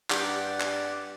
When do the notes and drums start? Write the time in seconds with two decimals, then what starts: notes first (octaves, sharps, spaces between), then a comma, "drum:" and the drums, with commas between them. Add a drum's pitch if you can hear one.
0.10 G2 G4 D5 F#5, drum: clap
0.60 drum: clap